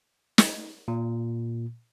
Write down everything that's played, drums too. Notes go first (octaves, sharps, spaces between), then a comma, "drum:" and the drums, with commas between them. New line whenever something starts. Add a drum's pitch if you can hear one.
drum: snare
A#2